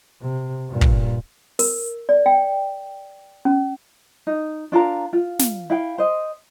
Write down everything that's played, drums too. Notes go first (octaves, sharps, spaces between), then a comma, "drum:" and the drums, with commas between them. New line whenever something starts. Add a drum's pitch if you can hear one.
C3
G2 A#2
drum: kick
A#4, drum: open hi-hat
D5
G5
C#4
D#4
D4 F4 A#4 A#5
F4
drum: snare
E4 F5 G5
C5 D#5